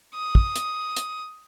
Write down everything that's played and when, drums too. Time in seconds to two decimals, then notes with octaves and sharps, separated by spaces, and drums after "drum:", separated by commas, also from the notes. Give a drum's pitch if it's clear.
0.15 D#6
0.35 drum: kick
0.56 drum: hi-hat
0.96 drum: hi-hat